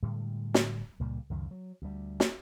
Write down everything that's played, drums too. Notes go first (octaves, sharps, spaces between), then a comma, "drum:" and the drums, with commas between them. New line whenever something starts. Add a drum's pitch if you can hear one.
A2 D3 G3 G#3
drum: snare
C#2 A#2 G3
C#2 F#2 D#3
F#3
D2 G3
drum: snare